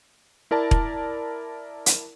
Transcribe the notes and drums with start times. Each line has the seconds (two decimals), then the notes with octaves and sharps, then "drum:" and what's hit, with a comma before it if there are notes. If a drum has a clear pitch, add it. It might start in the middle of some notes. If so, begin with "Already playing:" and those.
0.51 E4 A#4 D5 A5
0.71 drum: kick E1
1.86 drum: hi-hat